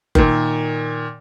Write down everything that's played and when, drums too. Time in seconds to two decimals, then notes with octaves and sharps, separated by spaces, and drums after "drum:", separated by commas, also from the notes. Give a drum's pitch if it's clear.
0.15 A#2 D#3, drum: kick F#1